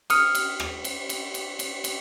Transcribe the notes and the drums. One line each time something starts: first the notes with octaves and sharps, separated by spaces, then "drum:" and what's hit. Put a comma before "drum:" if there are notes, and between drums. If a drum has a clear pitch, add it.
D#6 F6 C#7, drum: cymbal
drum: cymbal
drum: rim click
drum: cymbal
drum: cymbal
drum: cymbal
drum: cymbal
drum: cymbal